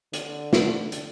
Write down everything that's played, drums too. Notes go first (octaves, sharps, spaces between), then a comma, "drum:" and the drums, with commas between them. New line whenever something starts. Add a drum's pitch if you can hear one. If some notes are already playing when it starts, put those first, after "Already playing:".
D3, drum: hi-hat
drum: snare
drum: hi-hat